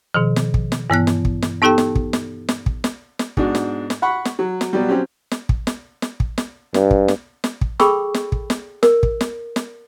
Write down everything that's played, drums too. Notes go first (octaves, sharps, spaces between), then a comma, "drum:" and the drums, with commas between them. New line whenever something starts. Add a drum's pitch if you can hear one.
B2 D#3 F3
drum: snare
drum: kick
drum: snare
G2 E3 B3 F#6
drum: snare
drum: kick
drum: snare
B3 D#4 G4 A4 G5 A5
drum: snare
drum: kick
drum: snare
drum: snare
drum: kick
drum: snare
drum: snare
G#2 B2 D4 F#4, drum: kick
drum: snare
drum: snare
F#5 B5 C#6
drum: snare
F#3
drum: snare
B2 F#3 G3
F#3 C4 C#4 G4
drum: snare
drum: kick
drum: snare
drum: snare
drum: kick
drum: snare
G2, drum: snare
drum: kick
drum: snare
drum: snare
drum: kick
G#4 A4 G5 B5 C#6 E6, drum: snare
drum: snare
drum: kick
drum: snare
A#4, drum: snare
drum: kick
drum: snare
drum: snare